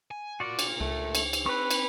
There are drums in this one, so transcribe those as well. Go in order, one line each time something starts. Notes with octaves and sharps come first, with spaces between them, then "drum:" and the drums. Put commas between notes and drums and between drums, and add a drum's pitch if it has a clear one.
G#5
F4 F#4 A#4 D5
drum: cymbal
C#2 A3
drum: cymbal
drum: cymbal
C4 B4 C#6 F#6
drum: cymbal